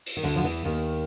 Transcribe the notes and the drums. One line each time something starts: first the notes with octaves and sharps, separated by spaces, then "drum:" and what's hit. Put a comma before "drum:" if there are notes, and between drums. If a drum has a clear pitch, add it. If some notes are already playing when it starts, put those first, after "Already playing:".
drum: open hi-hat
D#3
D2 D3
F3
E2 E3
D#2 D#3